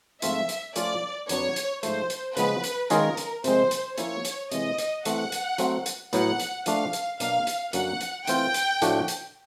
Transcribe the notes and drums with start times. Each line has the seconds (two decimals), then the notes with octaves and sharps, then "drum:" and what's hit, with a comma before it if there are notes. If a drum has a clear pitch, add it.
0.22 G#2 F3 A3 C4 F4 E5, drum: hi-hat
0.49 drum: hi-hat
0.76 F3 A3 C#4 F4 D5, drum: hi-hat
1.29 F2 D3 F#3 B3 D4 C#5, drum: hi-hat
1.56 drum: hi-hat
1.83 G#2 F3 A3 C5, drum: hi-hat
2.10 drum: hi-hat
2.37 C#3 F3 G#3 B3 B4, drum: hi-hat
2.64 drum: hi-hat
2.90 D#3 G#3 C#4 F4 G#4 A#4, drum: hi-hat
3.17 drum: hi-hat
3.44 C3 F3 G#3 C4 C5, drum: hi-hat
3.71 drum: hi-hat
3.98 F3 A#3 C#4 E4 C#5, drum: hi-hat
4.25 drum: hi-hat
4.52 C3 E3 G#3 D#5, drum: hi-hat
4.78 drum: hi-hat
5.05 E3 A3 C4 F#5, drum: hi-hat
5.32 drum: hi-hat
5.58 F#3 A3 C4, drum: hi-hat
5.86 drum: hi-hat
6.13 A2 F#3 B3 F#5, drum: hi-hat
6.40 drum: hi-hat
6.66 F3 A3 D4 F5, drum: hi-hat
6.93 drum: hi-hat
7.20 B2 F#3 A#3 D4 F5, drum: hi-hat
7.47 drum: hi-hat
7.73 F#2 D3 F#3 A#3 C#4 F#5, drum: hi-hat
8.01 drum: hi-hat
8.27 E3 A3 C4 F4 G5, drum: hi-hat
8.54 drum: hi-hat
8.82 A2 F3 A3 D4 F#4, drum: hi-hat
9.08 drum: hi-hat